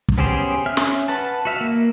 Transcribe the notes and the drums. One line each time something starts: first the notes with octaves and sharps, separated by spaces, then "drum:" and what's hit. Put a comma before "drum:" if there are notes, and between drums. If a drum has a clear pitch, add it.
drum: kick
B3 C#4 G4 G#4 C5
C#4 E5 F6
drum: snare
B4 F#5 A5
F#4 E5 F5
A#3